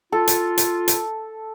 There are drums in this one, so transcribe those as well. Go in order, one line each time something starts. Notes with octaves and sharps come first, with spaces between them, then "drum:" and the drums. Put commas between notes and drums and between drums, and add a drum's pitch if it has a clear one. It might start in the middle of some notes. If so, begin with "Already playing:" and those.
F4 A4
drum: hi-hat
drum: hi-hat
drum: hi-hat